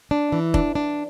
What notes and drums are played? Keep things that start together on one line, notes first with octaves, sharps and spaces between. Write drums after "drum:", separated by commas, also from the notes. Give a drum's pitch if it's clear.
D4
E3
D4, drum: kick
D4